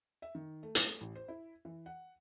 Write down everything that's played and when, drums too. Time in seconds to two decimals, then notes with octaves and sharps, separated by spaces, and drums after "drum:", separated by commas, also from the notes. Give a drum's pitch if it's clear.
0.22 E5
0.35 D#3
0.63 A3
0.75 drum: hi-hat
1.01 A1
1.15 C5
1.28 E4
1.65 E3
1.86 F#5